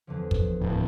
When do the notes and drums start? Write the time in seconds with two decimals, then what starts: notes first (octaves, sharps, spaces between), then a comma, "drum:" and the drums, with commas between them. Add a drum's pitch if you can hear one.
0.07 E2 D3 F3
0.31 drum: kick
0.62 D1